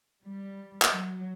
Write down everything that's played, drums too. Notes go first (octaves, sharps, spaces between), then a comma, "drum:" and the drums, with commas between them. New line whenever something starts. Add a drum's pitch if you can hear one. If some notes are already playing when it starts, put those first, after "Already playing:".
G3
drum: clap
F#3